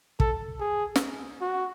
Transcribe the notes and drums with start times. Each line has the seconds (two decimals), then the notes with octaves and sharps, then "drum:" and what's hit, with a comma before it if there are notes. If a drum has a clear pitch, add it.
0.20 A4, drum: kick
0.60 G#4
0.96 drum: snare
1.41 F#4